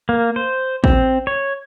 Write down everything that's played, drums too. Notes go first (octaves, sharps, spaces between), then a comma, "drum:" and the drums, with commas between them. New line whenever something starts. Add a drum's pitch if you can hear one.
A#3
C5
C4, drum: kick A1
C#5